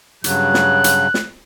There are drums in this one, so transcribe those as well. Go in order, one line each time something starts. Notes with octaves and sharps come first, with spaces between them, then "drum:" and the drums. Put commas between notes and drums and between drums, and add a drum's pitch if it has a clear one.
G2 C#3 F#3 F#6, drum: hi-hat
drum: snare
drum: hi-hat
drum: snare